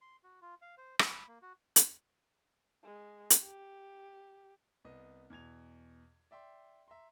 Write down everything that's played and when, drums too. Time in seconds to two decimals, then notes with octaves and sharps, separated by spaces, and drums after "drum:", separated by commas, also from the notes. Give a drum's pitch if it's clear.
0.01 C6
0.24 F#4
0.42 F4
0.62 F5
0.78 C5
0.99 B5, drum: rim click
1.28 A#3
1.42 F#4
1.76 drum: hi-hat
2.84 G#3
3.30 drum: hi-hat
3.43 G4
4.85 C2 B3 D#5
5.30 E2 B2 G#6 F7
6.31 D5 E5 G5 C6
6.88 E5 A#5 C6